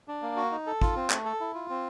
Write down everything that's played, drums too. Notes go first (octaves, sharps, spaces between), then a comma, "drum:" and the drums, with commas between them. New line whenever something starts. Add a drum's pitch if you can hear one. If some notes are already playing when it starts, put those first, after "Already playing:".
D4
A#3
F#4
D#4
A4
F4, drum: kick
C4
A3, drum: clap
A4
E4
F4
C4